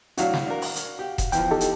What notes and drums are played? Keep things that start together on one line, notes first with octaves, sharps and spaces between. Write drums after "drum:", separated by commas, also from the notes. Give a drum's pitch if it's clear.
A2 F#3 D4 F#4 F5, drum: hi-hat
drum: snare
D4 A#4
drum: open hi-hat
drum: hi-hat
G4
drum: kick E1, hi-hat
E2 E3 F3 G5, drum: hi-hat
D#4 G4 A4
drum: hi-hat